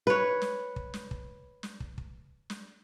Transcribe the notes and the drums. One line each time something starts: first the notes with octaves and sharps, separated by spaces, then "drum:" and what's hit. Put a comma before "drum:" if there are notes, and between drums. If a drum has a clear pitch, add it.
B4 C#5
drum: snare
drum: kick
drum: snare
drum: kick
drum: snare
drum: kick
drum: kick
drum: snare